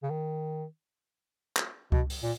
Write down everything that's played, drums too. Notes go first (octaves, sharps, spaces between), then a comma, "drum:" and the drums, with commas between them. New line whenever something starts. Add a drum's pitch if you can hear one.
C#3
D#3
drum: clap
B2, drum: kick C#2
drum: open hi-hat
A#2